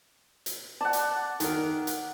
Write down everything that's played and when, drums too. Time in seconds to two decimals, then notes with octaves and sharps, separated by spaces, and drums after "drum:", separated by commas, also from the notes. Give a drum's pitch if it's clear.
0.46 drum: hi-hat
0.81 D5 F#5 A5
0.93 drum: hi-hat
1.40 D#3 A#4, drum: hi-hat
1.87 drum: hi-hat